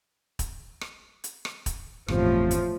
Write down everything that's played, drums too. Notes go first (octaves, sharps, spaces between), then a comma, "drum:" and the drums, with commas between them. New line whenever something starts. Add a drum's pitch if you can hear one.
drum: kick, hi-hat
drum: rim click
drum: hi-hat
drum: rim click
drum: kick, hi-hat
G1 E2 A2 C3 F3, drum: rim click
drum: hi-hat